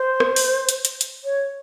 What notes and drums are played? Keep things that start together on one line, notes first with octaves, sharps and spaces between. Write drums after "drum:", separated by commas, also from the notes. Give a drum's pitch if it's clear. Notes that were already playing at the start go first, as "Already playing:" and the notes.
Already playing: C5
drum: rim click
drum: open hi-hat
drum: hi-hat
drum: hi-hat
drum: hi-hat
C#5